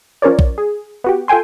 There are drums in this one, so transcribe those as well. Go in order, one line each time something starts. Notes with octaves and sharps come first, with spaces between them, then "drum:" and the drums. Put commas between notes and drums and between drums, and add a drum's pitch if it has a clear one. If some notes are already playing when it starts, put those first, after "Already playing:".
F3 C#4 A#4 C#5 D5
drum: kick A#1
G#4
B3 F#4 G4
F4 A4 G5 G#5 C6